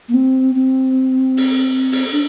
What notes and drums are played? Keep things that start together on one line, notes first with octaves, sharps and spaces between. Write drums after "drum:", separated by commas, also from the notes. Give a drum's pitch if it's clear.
A#3
C4
C4
drum: open hi-hat
drum: open hi-hat
D4